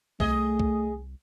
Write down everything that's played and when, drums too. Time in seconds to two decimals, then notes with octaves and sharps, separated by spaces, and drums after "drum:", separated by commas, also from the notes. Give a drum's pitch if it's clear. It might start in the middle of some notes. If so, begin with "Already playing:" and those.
0.20 C2 A3 G#4 D#5, drum: kick
0.60 drum: kick